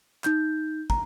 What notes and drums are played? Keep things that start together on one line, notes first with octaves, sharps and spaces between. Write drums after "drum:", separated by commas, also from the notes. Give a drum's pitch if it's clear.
D#4 G6, drum: clap
A#5, drum: kick